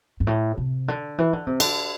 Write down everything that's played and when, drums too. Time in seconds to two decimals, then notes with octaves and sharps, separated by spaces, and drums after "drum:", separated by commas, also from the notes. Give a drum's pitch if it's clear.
0.20 G2
0.27 A2
0.57 C3
0.88 D3
1.18 E3
1.33 D3
1.47 C3
1.60 D3, drum: cymbal